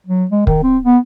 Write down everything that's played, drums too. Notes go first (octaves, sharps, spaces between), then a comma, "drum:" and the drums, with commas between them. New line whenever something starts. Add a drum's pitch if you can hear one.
F#3
G#3
D#3, drum: kick
C4
B3